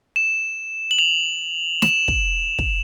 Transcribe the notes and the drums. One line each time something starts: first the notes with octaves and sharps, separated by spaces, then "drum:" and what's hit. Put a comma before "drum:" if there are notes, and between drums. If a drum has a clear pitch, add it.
E7
F#7
F7
E7, drum: snare
drum: kick
drum: kick